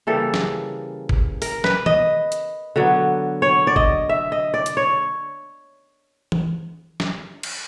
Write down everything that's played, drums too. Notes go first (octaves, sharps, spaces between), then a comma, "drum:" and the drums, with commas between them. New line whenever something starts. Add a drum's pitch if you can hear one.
C#3 E3 G3 A#3 A4
drum: snare
drum: kick F#1
A#4, drum: open hi-hat
B4, drum: snare
D#5, drum: tom D#3
drum: hi-hat
D3 F#3 B3
C#5
D5
D#5, drum: kick F#1
E5
D#5
D5
drum: hi-hat
C#5
drum: tom E3
drum: snare
drum: cymbal